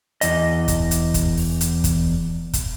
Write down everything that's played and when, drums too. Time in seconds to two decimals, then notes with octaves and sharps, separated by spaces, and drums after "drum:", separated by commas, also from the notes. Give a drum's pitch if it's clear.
0.21 E2 D#5, drum: hi-hat
0.68 drum: kick, hi-hat
0.91 drum: hi-hat
1.14 drum: kick, hi-hat
1.37 drum: open hi-hat
1.61 drum: hi-hat
1.84 drum: kick, hi-hat
2.53 drum: kick, hi-hat